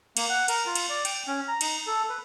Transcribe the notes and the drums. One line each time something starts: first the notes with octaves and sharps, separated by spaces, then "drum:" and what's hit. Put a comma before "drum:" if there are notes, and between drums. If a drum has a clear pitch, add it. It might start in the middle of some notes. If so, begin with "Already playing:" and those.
A#3, drum: cymbal
F#5
A#4, drum: cymbal
F4
drum: cymbal
D5
G5, drum: cymbal
C#4
A#5
D#4, drum: cymbal
A4
B4